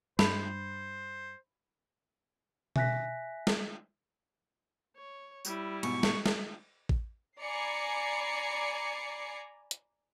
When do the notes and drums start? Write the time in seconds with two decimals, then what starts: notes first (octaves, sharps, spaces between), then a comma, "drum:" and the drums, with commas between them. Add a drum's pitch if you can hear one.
0.19 G2 C5 B5, drum: snare
2.76 E5 G#5 F#6 A#6 B6, drum: tom B2
3.47 drum: snare
4.96 C#5
5.45 G3 E4, drum: tambourine
5.83 G#2 B2 C#6, drum: cymbal
6.03 drum: snare
6.26 drum: snare
6.89 drum: kick A1
7.41 D5 G#5 A#5 B5 C7 C#7
9.71 drum: hi-hat